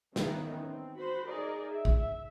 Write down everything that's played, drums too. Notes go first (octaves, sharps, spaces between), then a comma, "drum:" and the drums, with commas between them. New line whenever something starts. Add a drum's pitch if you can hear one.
D#3 E3 B3 C#4 D#4, drum: snare
C4
F#4 C5 B5
D#4 G#4 A#4 D5 D#5
E5
drum: kick A#1
E5